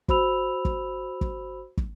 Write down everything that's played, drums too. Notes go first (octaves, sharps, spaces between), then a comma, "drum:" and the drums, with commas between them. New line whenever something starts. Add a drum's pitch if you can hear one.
F#4 C5 B5 E6 F7, drum: kick
drum: kick
drum: kick
drum: kick